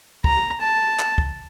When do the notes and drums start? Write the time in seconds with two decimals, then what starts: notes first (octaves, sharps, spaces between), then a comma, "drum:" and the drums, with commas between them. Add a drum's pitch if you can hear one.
0.24 A#5, drum: kick
0.61 A5
0.99 drum: clap
1.18 drum: kick